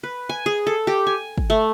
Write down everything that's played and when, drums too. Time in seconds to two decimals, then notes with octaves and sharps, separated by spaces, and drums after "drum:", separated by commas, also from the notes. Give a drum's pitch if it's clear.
0.03 B4
0.29 G#5
0.46 G#4
0.67 A4
0.87 G4
1.07 G#5
1.38 drum: kick
1.50 A3